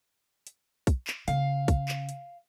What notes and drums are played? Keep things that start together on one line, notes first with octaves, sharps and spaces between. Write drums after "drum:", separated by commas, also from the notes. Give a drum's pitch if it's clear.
drum: hi-hat
drum: kick, hi-hat
drum: clap
C#3 F5, drum: hi-hat
drum: kick, hi-hat
drum: clap
drum: hi-hat